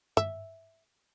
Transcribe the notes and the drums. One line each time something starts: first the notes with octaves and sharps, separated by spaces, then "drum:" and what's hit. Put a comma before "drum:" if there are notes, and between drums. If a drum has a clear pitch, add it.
E5, drum: tom G2